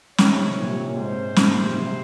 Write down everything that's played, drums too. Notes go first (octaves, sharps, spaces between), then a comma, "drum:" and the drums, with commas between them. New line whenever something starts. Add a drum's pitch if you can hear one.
D#3 C#5, drum: snare
C3
C3
A#2
C3
A#2
A#2
G#2 C5
A#2, drum: snare
A#2
C3
C3
C3